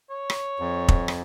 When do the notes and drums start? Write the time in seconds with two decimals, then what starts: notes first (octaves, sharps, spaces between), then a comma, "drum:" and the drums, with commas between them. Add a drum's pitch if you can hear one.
0.10 C#5
0.30 drum: rim click
0.60 F2
0.88 drum: kick
1.08 drum: rim click